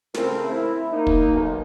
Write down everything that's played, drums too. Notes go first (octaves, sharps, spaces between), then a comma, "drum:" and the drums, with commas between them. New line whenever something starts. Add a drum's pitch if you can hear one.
A1 C#3 A3 C4 A#4, drum: snare
E4
A#3 D#4
drum: kick
B1